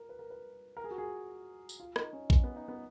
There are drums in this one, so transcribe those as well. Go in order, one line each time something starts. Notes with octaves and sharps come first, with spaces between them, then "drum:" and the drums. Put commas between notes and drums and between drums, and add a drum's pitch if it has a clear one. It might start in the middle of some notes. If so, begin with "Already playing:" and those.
Already playing: A#4
B4
A#4
B4
A#4
G#4
F#4
G#4
drum: tambourine
F4
D#4, drum: rim click
C#4
C#4, drum: kick A#1
B3
D#4
B3